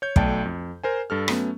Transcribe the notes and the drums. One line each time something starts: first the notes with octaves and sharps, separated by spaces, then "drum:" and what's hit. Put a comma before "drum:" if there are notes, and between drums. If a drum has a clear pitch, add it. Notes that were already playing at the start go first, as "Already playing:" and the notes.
C#5 G6
B1 A3 D5 G5 A5, drum: kick
F2
A#4 C5 G#5
G2 A4 F6
F#3 A3 B3 C#4, drum: rim click